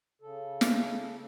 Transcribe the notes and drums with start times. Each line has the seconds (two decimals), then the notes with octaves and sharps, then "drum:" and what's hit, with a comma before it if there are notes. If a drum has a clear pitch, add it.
0.22 C#3 A4
0.61 drum: snare